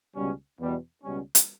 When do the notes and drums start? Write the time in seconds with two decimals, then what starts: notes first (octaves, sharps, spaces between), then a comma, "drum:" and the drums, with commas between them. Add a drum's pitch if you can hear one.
0.15 C#2 B2 G3 C#4
0.59 E2 B2 G3
1.04 C#2 B2 G3 C#4
1.35 drum: hi-hat